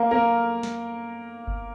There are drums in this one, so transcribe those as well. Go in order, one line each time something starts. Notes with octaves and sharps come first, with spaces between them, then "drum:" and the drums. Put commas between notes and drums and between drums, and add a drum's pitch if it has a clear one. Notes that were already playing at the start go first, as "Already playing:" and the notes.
Already playing: A#3 A#4
A#3 A#4
drum: snare
drum: kick G1